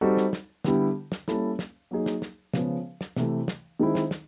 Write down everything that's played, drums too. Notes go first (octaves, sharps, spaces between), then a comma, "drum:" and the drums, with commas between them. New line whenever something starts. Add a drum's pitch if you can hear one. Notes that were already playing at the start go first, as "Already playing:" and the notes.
G3 C4 D#4 F#4 A4
drum: snare
drum: snare
D3 G3 B3 E4 G4, drum: snare
drum: snare
G3 A#3 C#4 E4 A4, drum: snare
drum: snare
F#3 A#3 D#4 G#4
drum: snare
drum: snare
C#3 F3 G#3 B3, drum: snare
drum: snare
C3 E3 A3, drum: snare
drum: snare
D#3 G#3 C4 E4
drum: snare
drum: snare